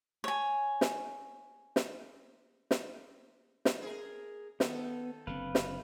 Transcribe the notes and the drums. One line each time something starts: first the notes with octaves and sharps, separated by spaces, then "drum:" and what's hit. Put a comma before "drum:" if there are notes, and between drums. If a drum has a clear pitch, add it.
C#5 G#5
drum: snare
drum: snare
drum: snare
drum: snare
G#4 A#4
D#3 B3 A4, drum: snare
F#1 D3 C4 B4 F5
drum: snare